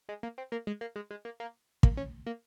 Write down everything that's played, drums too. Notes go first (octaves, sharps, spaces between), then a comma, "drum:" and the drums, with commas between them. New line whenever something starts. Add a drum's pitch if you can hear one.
G#3
A#3
C4
A#3
G#3
A#3
G#3
G#3
A#3
A#3
A#3, drum: kick
C#4
A#3